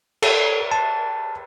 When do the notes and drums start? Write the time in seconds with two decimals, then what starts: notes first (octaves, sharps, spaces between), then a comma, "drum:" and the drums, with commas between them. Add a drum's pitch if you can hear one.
0.22 A4, drum: cymbal
0.72 A5